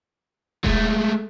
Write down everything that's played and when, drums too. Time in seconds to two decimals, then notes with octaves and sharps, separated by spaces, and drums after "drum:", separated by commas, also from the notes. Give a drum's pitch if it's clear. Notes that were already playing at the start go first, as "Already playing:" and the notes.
0.64 G#3 A3, drum: kick D#1